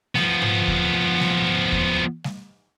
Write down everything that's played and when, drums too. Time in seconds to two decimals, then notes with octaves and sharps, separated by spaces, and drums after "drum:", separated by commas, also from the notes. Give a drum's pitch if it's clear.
0.16 F3 B3, drum: snare G3
0.42 drum: tom G#2
0.68 drum: kick D#2
1.20 drum: snare G3
1.72 drum: kick D#2
2.24 drum: snare G3